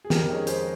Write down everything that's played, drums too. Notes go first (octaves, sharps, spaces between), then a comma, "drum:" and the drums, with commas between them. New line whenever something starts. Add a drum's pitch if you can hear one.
G#4
F2 G4 A#4, drum: snare
D#3 G#3 C#4
F2 G#4 C5, drum: hi-hat